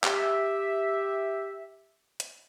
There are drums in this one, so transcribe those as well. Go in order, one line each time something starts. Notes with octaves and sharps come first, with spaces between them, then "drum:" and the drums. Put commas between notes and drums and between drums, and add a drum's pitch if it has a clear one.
G4 E5, drum: clap
drum: hi-hat